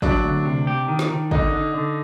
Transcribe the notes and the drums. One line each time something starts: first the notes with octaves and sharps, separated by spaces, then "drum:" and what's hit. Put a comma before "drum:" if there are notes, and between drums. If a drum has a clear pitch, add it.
F#3 D4, drum: kick
D2
C3
G4
D#3
drum: snare
D#3
D3 D#4, drum: kick
D3
D3